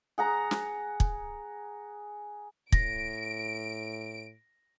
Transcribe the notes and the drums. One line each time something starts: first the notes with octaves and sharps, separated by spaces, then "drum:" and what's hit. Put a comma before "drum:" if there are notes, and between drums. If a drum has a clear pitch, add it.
G#4 F#5 A#5
drum: snare
drum: kick
A2 A#6 D7, drum: kick